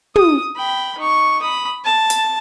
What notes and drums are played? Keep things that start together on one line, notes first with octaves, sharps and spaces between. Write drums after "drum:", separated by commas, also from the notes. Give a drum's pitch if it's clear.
D#6, drum: tom
G5 B5
D#4 C#6
B5 D#6
A5
drum: hi-hat